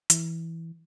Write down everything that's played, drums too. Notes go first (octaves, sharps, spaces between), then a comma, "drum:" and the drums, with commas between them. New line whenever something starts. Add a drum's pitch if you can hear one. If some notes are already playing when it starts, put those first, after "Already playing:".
E3, drum: hi-hat